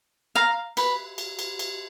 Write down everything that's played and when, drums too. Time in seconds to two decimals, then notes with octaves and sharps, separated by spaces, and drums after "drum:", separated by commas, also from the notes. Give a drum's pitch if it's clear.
0.35 F5 A#5
0.77 B4, drum: cymbal
1.18 drum: cymbal
1.39 drum: cymbal
1.59 drum: cymbal